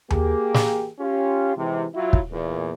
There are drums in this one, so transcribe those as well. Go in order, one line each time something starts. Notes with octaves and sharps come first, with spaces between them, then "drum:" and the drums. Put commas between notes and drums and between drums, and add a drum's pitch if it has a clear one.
A#3 G4 G#4, drum: tom D#2
drum: snare
C#4 F4 G4
G#2 C3 E3
F#3 E4 F4
drum: kick
E2 A#2